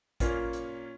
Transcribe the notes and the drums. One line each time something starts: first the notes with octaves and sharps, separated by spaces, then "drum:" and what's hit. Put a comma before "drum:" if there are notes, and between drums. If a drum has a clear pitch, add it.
A#2 A#3 C#4 F4, drum: kick A1, hi-hat
drum: hi-hat